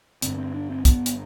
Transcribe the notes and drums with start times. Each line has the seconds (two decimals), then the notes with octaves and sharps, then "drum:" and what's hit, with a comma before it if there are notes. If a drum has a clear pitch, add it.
0.22 G1 G2 D3 C4, drum: hi-hat
0.38 C4
0.54 D4
0.70 C4
0.85 B3, drum: kick, hi-hat
1.06 drum: hi-hat